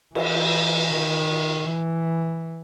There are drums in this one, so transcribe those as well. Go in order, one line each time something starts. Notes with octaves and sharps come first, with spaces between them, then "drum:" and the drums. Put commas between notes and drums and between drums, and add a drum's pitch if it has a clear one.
E3, drum: cymbal
D#3
E3